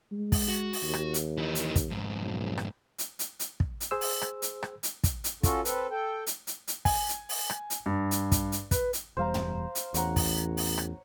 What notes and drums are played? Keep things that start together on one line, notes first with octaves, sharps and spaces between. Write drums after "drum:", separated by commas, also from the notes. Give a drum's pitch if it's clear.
G#3
drum: kick, open hi-hat
F#4
drum: open hi-hat
D#2
drum: rim click
drum: hi-hat
E3 D#4
drum: hi-hat
drum: kick, hi-hat
F2 G#2
B1
drum: rim click
drum: hi-hat
drum: hi-hat
drum: hi-hat
drum: kick
drum: hi-hat
G#4 C5 E6
drum: open hi-hat
drum: rim click
drum: hi-hat
drum: rim click
drum: hi-hat
drum: kick, hi-hat
drum: hi-hat
C#4 F4 F#4 A4, drum: kick, hi-hat
C4 A4 B4, drum: hi-hat
A4 G5
drum: hi-hat
drum: hi-hat
drum: hi-hat
G#5, drum: kick, open hi-hat
drum: hi-hat
drum: open hi-hat
drum: rim click
drum: hi-hat
G2
drum: hi-hat
drum: kick, hi-hat
drum: hi-hat
B4, drum: kick, hi-hat
drum: hi-hat
E1 E2 G3 C5 F5 A#5
drum: tom
drum: hi-hat
A1 E2 C#5 F#5 A#5, drum: hi-hat
drum: kick, open hi-hat
drum: open hi-hat
drum: rim click